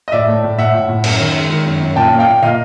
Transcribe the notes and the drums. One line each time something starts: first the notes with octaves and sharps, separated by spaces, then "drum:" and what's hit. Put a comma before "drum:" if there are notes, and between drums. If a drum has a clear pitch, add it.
D#5
A2 D5 E5
A3
A2
A2 E5 F#5
A2
A2
F#2, drum: cymbal
D#3
G#3
D#3
F#2
F#2
A#2 G5 A5
A#3
F5 G5
A#2
A#2 D#5 F5